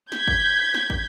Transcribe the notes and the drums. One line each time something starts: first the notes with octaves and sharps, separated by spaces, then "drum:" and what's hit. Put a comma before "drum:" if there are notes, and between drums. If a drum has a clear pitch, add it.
G6 G#6 B6, drum: snare
drum: kick
drum: snare
drum: kick